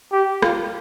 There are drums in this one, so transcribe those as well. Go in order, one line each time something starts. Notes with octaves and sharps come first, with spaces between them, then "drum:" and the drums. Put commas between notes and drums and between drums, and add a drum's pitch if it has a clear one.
G4
F4, drum: rim click